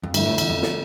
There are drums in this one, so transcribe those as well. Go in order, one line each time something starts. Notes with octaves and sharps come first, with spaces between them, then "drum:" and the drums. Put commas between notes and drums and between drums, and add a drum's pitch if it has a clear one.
F2
G2 D3 A3 E4, drum: cymbal
A2
E2, drum: cymbal
F2
drum: snare